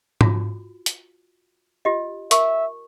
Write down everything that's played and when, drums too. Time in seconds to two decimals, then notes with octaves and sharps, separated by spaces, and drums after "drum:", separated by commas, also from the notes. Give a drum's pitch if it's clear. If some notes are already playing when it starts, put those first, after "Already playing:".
0.21 F4 F#4, drum: tom G#2
0.86 drum: hi-hat
1.85 F4 G4 D#5
2.31 A#4 E5 C#6, drum: hi-hat